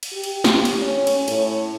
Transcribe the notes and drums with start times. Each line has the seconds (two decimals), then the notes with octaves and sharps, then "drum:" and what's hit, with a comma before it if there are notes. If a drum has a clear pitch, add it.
0.03 drum: cymbal
0.13 G4
0.24 drum: cymbal
0.44 drum: snare
0.65 drum: cymbal
0.82 C#4
1.07 drum: cymbal
1.28 A2, drum: cymbal